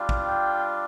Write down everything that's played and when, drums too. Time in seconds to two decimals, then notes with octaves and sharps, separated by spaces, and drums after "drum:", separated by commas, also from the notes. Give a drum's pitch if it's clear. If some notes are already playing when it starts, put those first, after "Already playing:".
Already playing: G3 D4 F4
0.09 drum: kick
0.27 G5